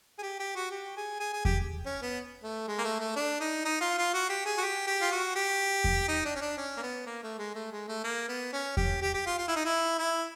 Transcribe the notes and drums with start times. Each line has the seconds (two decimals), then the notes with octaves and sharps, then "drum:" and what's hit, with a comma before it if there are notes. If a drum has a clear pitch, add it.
0.19 G#4
0.23 G4
0.40 G4
0.56 F#4
0.71 G4
0.97 G#4
1.20 G#4
1.33 G#4
1.45 G4, drum: kick E2
1.86 C#4
2.02 B3
2.43 A3
2.68 G#3
2.79 A#3
2.84 A3
2.99 A3
3.16 D4
3.40 D#4
3.65 D#4
3.81 F4
3.98 F4
4.14 F#4
4.30 G4
4.46 G#4
4.58 F#4
4.62 G4
4.87 G4
5.01 F4
5.12 F#4
5.36 G4
5.84 drum: kick E2
6.08 D#4
6.25 D4
6.36 C#4
6.41 D4
6.57 C#4
6.77 A#3
6.82 B3
7.06 A#3
7.23 A3
7.38 G#3
7.55 A3
7.72 G#3
7.88 A3
8.04 A#3
8.28 B3
8.53 C#4
8.77 G4, drum: kick E2
9.02 G4
9.14 G4
9.26 F4
9.38 F4
9.48 E4
9.56 D#4
9.65 E4
9.99 E4